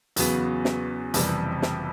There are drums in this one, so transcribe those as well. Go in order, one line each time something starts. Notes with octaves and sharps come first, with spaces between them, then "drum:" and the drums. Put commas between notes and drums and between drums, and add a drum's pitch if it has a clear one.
E2 C#3 F#3 B3, drum: hi-hat
drum: snare
F#1 F2 C3 E3 G3, drum: hi-hat
drum: snare